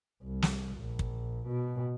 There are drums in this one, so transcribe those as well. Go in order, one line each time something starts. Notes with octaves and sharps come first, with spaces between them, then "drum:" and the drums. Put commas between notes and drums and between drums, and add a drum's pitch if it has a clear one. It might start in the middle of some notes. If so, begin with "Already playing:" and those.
C2
drum: snare
A#1
drum: kick
B2